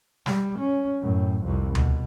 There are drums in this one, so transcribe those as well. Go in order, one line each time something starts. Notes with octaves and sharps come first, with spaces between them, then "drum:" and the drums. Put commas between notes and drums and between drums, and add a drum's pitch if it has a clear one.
G3, drum: snare
C#4
F#2 A2
C2 F2
B2, drum: tom D2